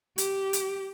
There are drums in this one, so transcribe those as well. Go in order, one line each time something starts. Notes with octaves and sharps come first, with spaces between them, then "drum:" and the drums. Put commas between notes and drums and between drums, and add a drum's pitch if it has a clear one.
G4, drum: hi-hat
drum: hi-hat